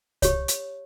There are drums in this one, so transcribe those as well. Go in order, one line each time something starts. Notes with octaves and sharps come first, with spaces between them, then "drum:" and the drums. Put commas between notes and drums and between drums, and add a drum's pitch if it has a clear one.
G4 C#5, drum: kick C2, hi-hat
drum: hi-hat